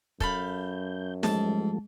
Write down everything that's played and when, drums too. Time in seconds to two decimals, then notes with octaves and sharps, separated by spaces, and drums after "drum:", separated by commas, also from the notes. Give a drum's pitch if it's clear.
0.20 F#2 A4 F5 B5 G6, drum: kick
1.23 G#2 F3 G3 A3 A5, drum: snare